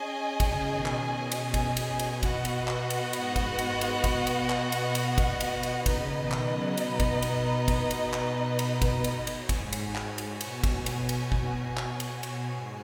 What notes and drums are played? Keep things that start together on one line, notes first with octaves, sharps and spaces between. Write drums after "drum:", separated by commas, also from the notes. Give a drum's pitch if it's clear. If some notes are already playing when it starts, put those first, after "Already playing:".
Already playing: C#4 G#4 D#5 G#5
C#3, drum: kick G#1, cymbal
B2 D#3
drum: clap
B2
B2, drum: cymbal
drum: kick G#1, cymbal
drum: cymbal
drum: cymbal
B3 F#4 D#5 F#5, drum: kick G#1, cymbal
drum: cymbal
drum: clap
drum: cymbal
G#2, drum: cymbal
drum: kick G#1, cymbal
drum: cymbal
drum: cymbal
B2, drum: kick G#1, cymbal
drum: cymbal
drum: clap
drum: cymbal
drum: cymbal
drum: kick G#1, cymbal
drum: cymbal
drum: cymbal
C#3 B3 D#4 B4 D#5, drum: kick G#1, cymbal
B2 D#3
drum: clap
C#3 F#3
B2, drum: cymbal
drum: kick G#1, cymbal
drum: cymbal
drum: kick G#1, cymbal
drum: cymbal
drum: clap
drum: cymbal
drum: kick G#1, cymbal
drum: cymbal
drum: cymbal
G#2 F#4 C#5 G#5, drum: kick G#1, cymbal
drum: cymbal
drum: clap
drum: cymbal
B2, drum: cymbal
drum: kick G#1, cymbal
drum: cymbal
drum: cymbal
drum: kick G#1
drum: clap
drum: cymbal
B2, drum: cymbal
G#2